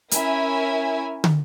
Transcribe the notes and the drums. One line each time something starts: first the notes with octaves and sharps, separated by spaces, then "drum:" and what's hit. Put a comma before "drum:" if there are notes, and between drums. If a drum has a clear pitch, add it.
C#4 E4 A#4 E5 G#5, drum: hi-hat
drum: tom